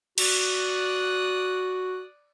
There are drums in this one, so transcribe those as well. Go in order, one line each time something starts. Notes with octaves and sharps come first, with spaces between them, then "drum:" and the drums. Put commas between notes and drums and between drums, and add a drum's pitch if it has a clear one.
F#4 D5 D#6 F#6, drum: cymbal